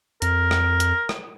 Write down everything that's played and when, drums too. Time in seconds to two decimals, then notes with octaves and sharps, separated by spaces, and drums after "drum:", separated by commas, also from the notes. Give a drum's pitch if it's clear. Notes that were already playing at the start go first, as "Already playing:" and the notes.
0.22 F2 A#4, drum: hi-hat
0.51 drum: rim click
0.80 drum: hi-hat
1.09 drum: rim click